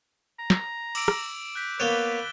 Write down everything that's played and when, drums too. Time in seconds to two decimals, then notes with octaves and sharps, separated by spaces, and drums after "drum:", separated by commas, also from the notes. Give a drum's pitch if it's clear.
0.39 A#5
0.50 drum: snare
0.95 D6 E6 D7, drum: cymbal
1.08 drum: rim click
1.55 F#6 G6 B6
1.80 A#3 B3 B4 C#5 A6 E7 G7